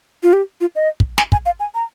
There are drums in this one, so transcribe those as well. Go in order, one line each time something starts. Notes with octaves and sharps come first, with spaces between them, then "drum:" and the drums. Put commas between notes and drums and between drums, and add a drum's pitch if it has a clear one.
F4
G4
F4
D#5
drum: kick
G#5, drum: snare
G#5, drum: kick
F5
G#5
A#5